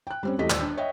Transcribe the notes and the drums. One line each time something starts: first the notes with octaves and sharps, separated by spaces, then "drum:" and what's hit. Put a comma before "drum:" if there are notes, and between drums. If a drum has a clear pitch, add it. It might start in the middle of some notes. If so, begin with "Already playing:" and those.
G5 F#6
G3 C4 C#4
E1 E3 A3 G4 D#5 B6
D#1 D5 E6, drum: clap
D4
C#5 D#5 E5 G5